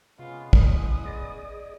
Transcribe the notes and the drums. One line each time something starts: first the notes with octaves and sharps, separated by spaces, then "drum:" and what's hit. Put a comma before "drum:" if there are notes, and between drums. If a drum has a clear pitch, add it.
C3 G#3 B3 C#4 F4
E4 D#6, drum: kick
G#4 D5 D#5